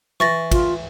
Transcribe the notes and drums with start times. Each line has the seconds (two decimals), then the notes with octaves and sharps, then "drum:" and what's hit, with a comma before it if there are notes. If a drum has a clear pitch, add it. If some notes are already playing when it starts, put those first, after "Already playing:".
0.20 E3 C#6 A6 A#6
0.52 F4, drum: kick, cymbal